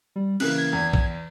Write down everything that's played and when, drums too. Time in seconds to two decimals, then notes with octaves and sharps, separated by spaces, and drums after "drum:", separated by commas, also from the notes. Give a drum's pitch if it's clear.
0.16 G3
0.40 C#3 E3 A#3 F#6, drum: cymbal
0.58 G#6
0.73 E2
0.94 drum: kick